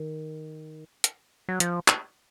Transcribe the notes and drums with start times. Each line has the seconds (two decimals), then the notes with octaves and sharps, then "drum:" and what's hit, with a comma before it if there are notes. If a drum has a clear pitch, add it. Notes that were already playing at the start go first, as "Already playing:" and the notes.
Already playing: D#3
1.04 drum: hi-hat
1.49 F#3
1.60 F3, drum: hi-hat
1.88 drum: clap